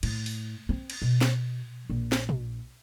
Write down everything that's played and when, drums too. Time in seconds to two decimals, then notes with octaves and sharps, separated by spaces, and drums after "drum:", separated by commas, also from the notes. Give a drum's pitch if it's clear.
0.03 A2, drum: cymbal
0.26 drum: open hi-hat
0.69 C4
0.90 drum: cymbal
1.02 B2
1.21 drum: snare
1.90 A#1
2.12 drum: snare
2.29 drum: tom A#2